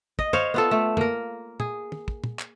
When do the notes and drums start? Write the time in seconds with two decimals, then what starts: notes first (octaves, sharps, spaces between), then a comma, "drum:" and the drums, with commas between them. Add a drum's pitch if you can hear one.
0.19 D#5, drum: kick
0.33 C5 C#5 F5, drum: tom
0.54 B3 F4 A4
0.71 A3
0.97 A#3 A#4, drum: tom
1.60 G#4, drum: tom
1.92 drum: tom
2.08 drum: kick
2.24 drum: tom
2.39 drum: clap